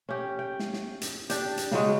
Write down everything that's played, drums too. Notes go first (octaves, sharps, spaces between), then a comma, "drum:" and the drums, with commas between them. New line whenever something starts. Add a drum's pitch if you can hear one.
C#4 G4
G5
drum: snare
drum: snare
drum: hi-hat
D4 G4, drum: hi-hat
drum: hi-hat
C#3 F#3 G#3, drum: snare